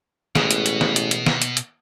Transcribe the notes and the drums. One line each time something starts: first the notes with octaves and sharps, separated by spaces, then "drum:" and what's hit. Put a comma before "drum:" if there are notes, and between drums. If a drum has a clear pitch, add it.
A1 B2 E3 G#3 G#4, drum: snare
drum: hi-hat
drum: hi-hat
drum: snare
drum: hi-hat
drum: hi-hat
drum: snare
drum: hi-hat
drum: hi-hat